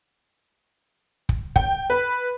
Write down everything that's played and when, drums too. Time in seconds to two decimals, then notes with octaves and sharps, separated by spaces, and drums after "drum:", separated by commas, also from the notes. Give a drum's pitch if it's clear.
1.29 drum: kick
1.56 G5, drum: kick
1.90 B4